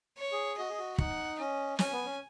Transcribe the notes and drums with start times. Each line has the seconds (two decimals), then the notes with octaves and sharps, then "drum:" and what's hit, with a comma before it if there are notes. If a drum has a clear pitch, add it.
0.18 C#5
0.32 G#4
0.59 F#4 D#5
0.69 G#4
0.79 F#4
0.98 D#4 F#5, drum: kick
1.39 C#4 D#5
1.79 C#4 G#5, drum: snare
1.92 B3
2.05 C#4